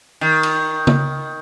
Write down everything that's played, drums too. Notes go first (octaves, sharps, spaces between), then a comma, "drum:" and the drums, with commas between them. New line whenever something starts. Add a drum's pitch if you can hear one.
D#3
drum: cymbal
drum: tom